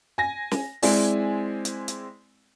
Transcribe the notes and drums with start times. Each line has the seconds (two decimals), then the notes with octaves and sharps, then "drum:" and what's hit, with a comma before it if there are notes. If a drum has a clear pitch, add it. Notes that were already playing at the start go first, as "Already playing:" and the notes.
0.18 G#5 A#6
0.51 drum: snare
0.82 G#3 C4 E4 D5 G#5, drum: open hi-hat
1.65 drum: hi-hat
1.88 drum: hi-hat